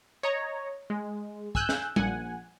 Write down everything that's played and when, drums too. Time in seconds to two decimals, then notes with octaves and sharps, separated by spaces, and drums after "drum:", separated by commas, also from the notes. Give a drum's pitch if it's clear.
0.23 C#5 D#5 A#5
0.90 G#3
1.55 G#5 E6 F#6 G6, drum: kick
1.69 drum: snare
1.96 A#1 F#5 G#5, drum: tom